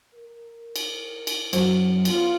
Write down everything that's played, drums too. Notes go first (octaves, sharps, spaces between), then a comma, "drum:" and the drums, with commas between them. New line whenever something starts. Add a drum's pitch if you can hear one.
A#4
drum: cymbal
drum: cymbal
F#2 F#4 C5, drum: cymbal
B3 C#4 F4, drum: cymbal